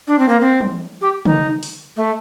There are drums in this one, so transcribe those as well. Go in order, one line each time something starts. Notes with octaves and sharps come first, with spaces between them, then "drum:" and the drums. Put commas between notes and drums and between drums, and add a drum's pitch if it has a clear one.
D4
C4
A#3
C4
drum: tom
G4
D#4, drum: tom
drum: open hi-hat
A3